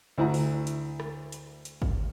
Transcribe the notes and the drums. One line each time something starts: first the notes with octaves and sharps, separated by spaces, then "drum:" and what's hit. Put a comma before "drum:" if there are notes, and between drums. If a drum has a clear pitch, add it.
D2 E4 F#5 A#5
drum: open hi-hat
drum: hi-hat
drum: rim click
drum: hi-hat
drum: hi-hat
drum: kick G#1